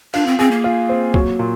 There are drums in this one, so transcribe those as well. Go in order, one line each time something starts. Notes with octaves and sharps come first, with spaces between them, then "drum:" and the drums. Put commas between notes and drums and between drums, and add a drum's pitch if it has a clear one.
D4 F4, drum: cymbal
C4
C4 G#4
A#3
F4
C4
F#3, drum: kick
A#2